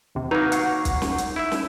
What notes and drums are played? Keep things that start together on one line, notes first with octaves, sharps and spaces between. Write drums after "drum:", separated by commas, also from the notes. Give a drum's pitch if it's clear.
D#2 C3
F#3 A#3 D#4 B4
F#5 C#6 C7, drum: hi-hat
drum: kick, hi-hat
drum: snare
drum: hi-hat
E4 E5
drum: snare